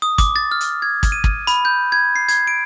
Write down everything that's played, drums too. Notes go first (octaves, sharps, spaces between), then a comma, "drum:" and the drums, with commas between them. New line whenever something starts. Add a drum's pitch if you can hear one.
D#6
D6, drum: kick, hi-hat
A6
F6
drum: hi-hat
G#6
drum: kick, hi-hat
D#7
drum: kick
B5, drum: hi-hat
G6
G#6
C7
G#6, drum: hi-hat
D7